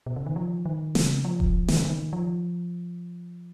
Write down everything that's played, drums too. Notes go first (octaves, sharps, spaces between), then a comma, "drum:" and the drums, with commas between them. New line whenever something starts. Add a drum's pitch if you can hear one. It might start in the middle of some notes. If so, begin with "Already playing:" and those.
B2
C#3
D#3
F3
D#3
C#3, drum: snare
F3
drum: kick D#1
D#3, drum: snare
C#3
D#3
F3